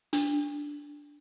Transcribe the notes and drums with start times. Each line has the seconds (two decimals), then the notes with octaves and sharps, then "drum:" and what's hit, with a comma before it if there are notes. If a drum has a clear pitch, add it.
0.13 D4, drum: hi-hat